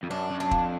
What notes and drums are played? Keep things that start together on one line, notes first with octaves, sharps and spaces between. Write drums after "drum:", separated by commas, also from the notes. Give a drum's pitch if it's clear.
F2
F#2 D4
F#2
D4
F2, drum: kick